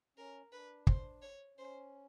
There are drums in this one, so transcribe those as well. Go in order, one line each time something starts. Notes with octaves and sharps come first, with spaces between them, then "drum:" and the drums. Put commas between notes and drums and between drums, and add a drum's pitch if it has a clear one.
C#4 A#4
D4 B4
C5, drum: kick
C#5
C#4 C5